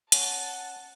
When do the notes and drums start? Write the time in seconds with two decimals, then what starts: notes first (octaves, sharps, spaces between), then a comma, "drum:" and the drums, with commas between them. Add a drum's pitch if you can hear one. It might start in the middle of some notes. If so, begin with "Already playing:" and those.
0.12 C#4 F#5 A5, drum: hi-hat